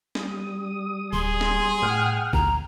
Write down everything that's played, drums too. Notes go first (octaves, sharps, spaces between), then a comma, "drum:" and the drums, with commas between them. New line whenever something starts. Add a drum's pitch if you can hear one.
G3 D#6, drum: snare
D1 G#4 C6
drum: snare
A2 F#5 G5 F6
D2 A#5, drum: kick A1